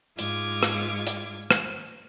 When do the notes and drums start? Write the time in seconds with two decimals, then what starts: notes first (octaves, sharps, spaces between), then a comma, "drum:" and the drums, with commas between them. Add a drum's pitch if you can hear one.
0.19 G#2 F4 D6 G#6, drum: hi-hat
0.63 drum: rim click
1.07 drum: hi-hat
1.51 drum: rim click